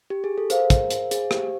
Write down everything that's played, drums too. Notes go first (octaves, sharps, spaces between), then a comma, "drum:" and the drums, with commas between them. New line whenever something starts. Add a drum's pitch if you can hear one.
G4
G#4
A4
G#4 A#4 C5 F5, drum: hi-hat
drum: kick, hi-hat
drum: hi-hat
G#4, drum: hi-hat
G4, drum: rim click